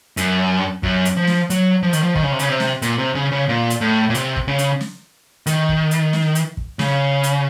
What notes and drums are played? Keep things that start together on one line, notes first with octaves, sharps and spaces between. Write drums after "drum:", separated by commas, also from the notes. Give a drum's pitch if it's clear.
F#2, drum: hi-hat
F#2, drum: kick
drum: hi-hat
F3
drum: snare
F#3, drum: hi-hat
F3
D#3, drum: hi-hat
F3
D#3, drum: kick
C#3
C3
C#3, drum: hi-hat
C3
drum: snare
A#2, drum: hi-hat
C3
C#3
C#3
A#2
drum: hi-hat
A2
A#2
C3, drum: hi-hat
drum: kick
C#3
drum: hi-hat
drum: snare
D#3, drum: hi-hat
drum: kick
drum: hi-hat
drum: snare
drum: hi-hat
drum: kick
C#3, drum: snare
drum: hi-hat